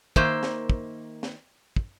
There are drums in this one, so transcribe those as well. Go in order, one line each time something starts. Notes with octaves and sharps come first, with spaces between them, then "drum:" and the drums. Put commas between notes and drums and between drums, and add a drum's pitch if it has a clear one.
D#3 A#3 C5 E5, drum: kick
drum: snare
drum: kick
drum: snare
drum: kick